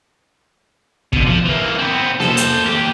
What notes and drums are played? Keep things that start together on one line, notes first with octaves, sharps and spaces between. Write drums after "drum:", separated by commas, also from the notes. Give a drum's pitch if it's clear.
B2 D3, drum: kick
F3
E3 A#3
B3 C4
A4 C5, drum: snare A#3
drum: hi-hat
A#3 G4